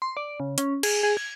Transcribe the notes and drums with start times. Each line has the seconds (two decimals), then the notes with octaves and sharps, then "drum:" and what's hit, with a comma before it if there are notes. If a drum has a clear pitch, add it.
0.02 C6
0.17 D5
0.40 C#3
0.58 C#4, drum: hi-hat
0.83 G#4, drum: cymbal
1.03 G#4
1.17 G#6